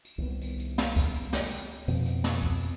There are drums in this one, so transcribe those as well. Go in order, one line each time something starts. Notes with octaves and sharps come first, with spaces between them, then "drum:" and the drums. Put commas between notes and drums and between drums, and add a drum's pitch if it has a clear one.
drum: tambourine
C2 D#3 B3
drum: tambourine
drum: tambourine
drum: snare
drum: kick C#2, tambourine
drum: tambourine
drum: snare
drum: tambourine
F2 B2 F3 C4, drum: tambourine
drum: tambourine
drum: snare
drum: kick C#2, tambourine
drum: tambourine